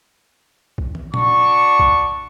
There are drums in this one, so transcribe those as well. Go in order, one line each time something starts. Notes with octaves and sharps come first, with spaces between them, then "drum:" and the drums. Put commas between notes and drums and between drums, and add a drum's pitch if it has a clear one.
drum: kick
drum: tom
D4 F#4 C#6, drum: tom A#2
drum: kick